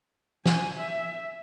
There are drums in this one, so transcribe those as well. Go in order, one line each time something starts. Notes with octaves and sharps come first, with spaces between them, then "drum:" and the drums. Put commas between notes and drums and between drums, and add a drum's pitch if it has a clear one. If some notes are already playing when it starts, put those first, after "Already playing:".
G#5, drum: snare
E5